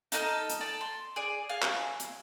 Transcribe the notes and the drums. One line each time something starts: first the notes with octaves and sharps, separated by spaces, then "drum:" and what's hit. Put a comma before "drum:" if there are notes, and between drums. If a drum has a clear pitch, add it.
D#4 A4 D#5 F6, drum: hi-hat
drum: hi-hat
A4 D5
C6
G#4 D5
F5 G#5
drum: clap
drum: hi-hat